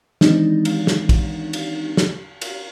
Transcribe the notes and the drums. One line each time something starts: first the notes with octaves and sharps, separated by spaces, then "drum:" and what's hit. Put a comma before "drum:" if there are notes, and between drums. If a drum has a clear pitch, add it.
D#3 E3 G#3 C4 D4 D#4, drum: snare
drum: cymbal
drum: snare
drum: kick, cymbal
drum: cymbal
drum: snare
drum: cymbal